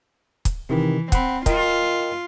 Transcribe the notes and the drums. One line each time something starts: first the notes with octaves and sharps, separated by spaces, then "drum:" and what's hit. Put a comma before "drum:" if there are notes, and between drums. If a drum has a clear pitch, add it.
drum: kick, hi-hat
C3 D#3 E3
C4 F#5 B5, drum: kick, hi-hat
F4 A#4 D#5 G5, drum: kick, hi-hat